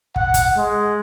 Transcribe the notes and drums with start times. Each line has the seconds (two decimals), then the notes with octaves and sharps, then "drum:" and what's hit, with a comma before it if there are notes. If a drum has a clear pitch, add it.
0.16 F#5, drum: kick
0.34 drum: kick, hi-hat
0.58 G#3